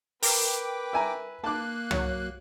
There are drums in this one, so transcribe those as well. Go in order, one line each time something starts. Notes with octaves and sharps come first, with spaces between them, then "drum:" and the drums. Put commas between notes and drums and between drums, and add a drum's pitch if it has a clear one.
A#4 B4 G5 D6, drum: open hi-hat
E5 G#5 A#5
A#3 A5 D6 F#6
F#3 C#5, drum: tom